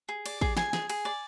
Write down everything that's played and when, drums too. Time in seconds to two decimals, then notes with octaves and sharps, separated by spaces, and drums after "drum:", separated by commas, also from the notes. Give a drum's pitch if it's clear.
0.09 G#4
0.26 D5, drum: cymbal
0.41 G#4, drum: kick
0.57 G#4 G#5, drum: snare
0.73 G#4, drum: snare
0.90 G#4, drum: cymbal
1.05 D5